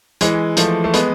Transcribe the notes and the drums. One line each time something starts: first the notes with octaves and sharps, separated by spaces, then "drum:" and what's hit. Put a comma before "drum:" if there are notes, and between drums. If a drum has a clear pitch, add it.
E3 G#3, drum: hi-hat
F3 A3, drum: hi-hat
A3
G#3 B3, drum: hi-hat